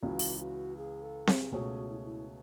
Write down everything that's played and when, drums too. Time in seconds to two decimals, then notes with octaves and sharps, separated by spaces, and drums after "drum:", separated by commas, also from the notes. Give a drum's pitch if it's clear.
0.02 C#2 C#3 E3 F#4
0.19 drum: open hi-hat
0.40 F#4
0.77 G#4
1.03 A4
1.27 G#4, drum: snare C4
1.52 C#2 B2 A3 C#4 F#4 G#4
1.89 E4
2.04 E4